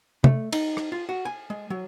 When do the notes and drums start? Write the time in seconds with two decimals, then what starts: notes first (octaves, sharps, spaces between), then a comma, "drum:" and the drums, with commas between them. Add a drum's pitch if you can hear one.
0.24 A3, drum: tom
0.53 D#4, drum: cymbal
0.77 drum: rim click
0.92 F4
1.09 F#4
1.25 G#5
1.50 G#3
1.70 F#3